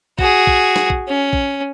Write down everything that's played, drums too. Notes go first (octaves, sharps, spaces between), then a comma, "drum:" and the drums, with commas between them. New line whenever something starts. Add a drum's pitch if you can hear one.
F#4 G#4, drum: kick
drum: kick
drum: snare
drum: kick
C#4
drum: kick